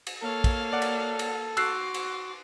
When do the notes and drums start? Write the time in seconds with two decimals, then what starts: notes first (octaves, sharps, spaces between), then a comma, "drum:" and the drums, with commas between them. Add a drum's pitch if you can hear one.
0.07 drum: cymbal
0.23 A#3 A4 C#5 F5
0.44 drum: kick, cymbal
0.73 D5 F#5
0.82 drum: cymbal
1.19 drum: cymbal
1.57 F#4 C6 D6 E6 F#6 C7, drum: cymbal
1.94 drum: cymbal